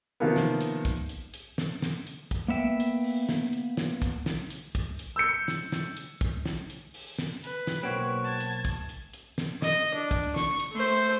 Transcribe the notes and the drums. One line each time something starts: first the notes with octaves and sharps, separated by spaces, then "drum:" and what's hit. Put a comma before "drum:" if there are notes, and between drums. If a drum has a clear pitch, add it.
C3 D#3 F3 A#3 B3
drum: snare
drum: hi-hat
drum: kick, hi-hat
drum: hi-hat
drum: hi-hat
drum: snare
drum: snare
drum: hi-hat
drum: kick, hi-hat
A#3 B3 E5 G5
drum: hi-hat
drum: open hi-hat
drum: snare
drum: hi-hat
drum: snare
drum: kick, hi-hat
drum: snare
drum: hi-hat
drum: kick, hi-hat
drum: hi-hat
E6 G6 C#7
drum: snare
drum: snare
drum: hi-hat
drum: kick, hi-hat
drum: snare
drum: hi-hat
drum: open hi-hat
drum: snare
B4, drum: hi-hat
drum: snare
B1 A#3 C4 F#4 C#5
A5 G#6
drum: hi-hat
drum: kick, hi-hat
drum: hi-hat
drum: hi-hat
drum: snare
D#5, drum: snare
D4
drum: kick, hi-hat
C#6, drum: snare
drum: hi-hat
A3 C5
drum: open hi-hat